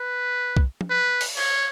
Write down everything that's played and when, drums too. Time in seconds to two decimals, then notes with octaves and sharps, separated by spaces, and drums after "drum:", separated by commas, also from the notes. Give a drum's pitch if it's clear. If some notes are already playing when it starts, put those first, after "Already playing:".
Already playing: B4
0.57 drum: kick
0.81 drum: tom
0.90 B4
1.21 drum: open hi-hat
1.37 C#5, drum: cymbal